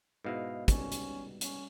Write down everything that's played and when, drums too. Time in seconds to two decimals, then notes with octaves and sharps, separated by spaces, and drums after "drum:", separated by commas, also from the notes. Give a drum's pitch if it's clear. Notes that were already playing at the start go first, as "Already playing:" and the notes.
0.25 G#2 B2 E4 B4 D#5 F5
0.68 G3 C#4, drum: kick, hi-hat
0.92 drum: hi-hat
1.41 C#4, drum: hi-hat